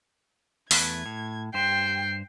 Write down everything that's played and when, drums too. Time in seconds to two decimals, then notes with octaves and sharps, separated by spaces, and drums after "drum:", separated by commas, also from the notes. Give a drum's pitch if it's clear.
0.71 E2 A3 B4 G#6, drum: open hi-hat
1.06 A2
1.54 G2 G4 C5 G5 C7